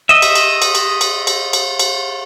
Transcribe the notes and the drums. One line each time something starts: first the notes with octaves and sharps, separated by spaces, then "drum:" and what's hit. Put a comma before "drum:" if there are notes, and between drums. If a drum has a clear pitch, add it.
D#5 E5
drum: cymbal
drum: cymbal
drum: cymbal
drum: cymbal
drum: cymbal
drum: cymbal
drum: cymbal
drum: cymbal